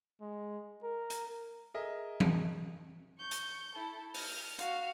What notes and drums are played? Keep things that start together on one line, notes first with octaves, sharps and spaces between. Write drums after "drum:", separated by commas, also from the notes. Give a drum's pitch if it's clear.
G#3
A#4
drum: hi-hat
G#4 A#4 D#5 E5
drum: tom E3
C#6 G6
drum: hi-hat
E4 A4
F6, drum: open hi-hat
F#4 F5, drum: hi-hat